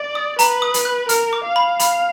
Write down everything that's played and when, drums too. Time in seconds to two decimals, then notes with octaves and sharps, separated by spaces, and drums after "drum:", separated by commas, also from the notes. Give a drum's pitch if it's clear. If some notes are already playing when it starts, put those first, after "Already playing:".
Already playing: D5
0.15 D#6
0.39 B4 A#5, drum: hi-hat
0.62 D#6
0.74 drum: hi-hat
0.85 F#6
1.09 A#4 F6, drum: hi-hat
1.33 D6
1.44 F5
1.56 B5
1.80 B5, drum: hi-hat